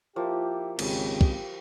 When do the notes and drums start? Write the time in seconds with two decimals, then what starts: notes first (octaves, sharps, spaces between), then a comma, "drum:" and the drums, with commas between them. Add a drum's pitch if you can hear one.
0.16 F3 A#3 E4 G4
0.79 G#1 D#2 C#3 G4, drum: cymbal
1.21 drum: kick